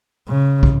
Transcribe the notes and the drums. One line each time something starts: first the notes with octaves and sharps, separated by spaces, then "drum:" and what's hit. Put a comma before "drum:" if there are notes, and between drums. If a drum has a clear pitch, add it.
C#3
drum: kick